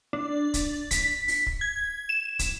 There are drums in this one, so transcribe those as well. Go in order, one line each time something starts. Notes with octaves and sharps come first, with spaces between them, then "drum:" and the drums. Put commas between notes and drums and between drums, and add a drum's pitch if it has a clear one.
D4
drum: kick, hi-hat
B6, drum: kick, hi-hat
drum: open hi-hat
drum: kick
G#6
E7
drum: kick, hi-hat